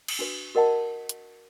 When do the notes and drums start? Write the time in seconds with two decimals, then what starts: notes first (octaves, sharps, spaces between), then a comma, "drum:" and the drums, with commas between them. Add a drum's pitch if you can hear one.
0.08 drum: cymbal
0.19 D4 F#4 B4
0.55 F#4 A#4 D#5 F#5 A5
1.09 drum: hi-hat